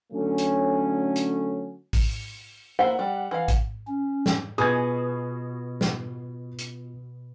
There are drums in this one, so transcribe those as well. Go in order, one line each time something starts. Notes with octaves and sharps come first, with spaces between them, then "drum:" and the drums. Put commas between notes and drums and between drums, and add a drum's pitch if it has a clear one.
D3 F#3 A3 C#4
drum: hi-hat
drum: hi-hat
drum: kick, open hi-hat
A#3 E4 C5 F#5
G3
E3 F5
drum: kick, hi-hat
C#4
drum: snare
B2 B3 F4 G#4 D#5 D#6 G#6
drum: snare
drum: hi-hat